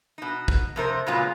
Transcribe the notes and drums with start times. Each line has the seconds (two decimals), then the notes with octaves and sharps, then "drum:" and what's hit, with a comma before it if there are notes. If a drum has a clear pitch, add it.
0.18 B2 D#4
0.48 drum: kick
0.76 F2 C3 A#4 C5
1.07 A#2 C#3 F#3 G#3 B3 F4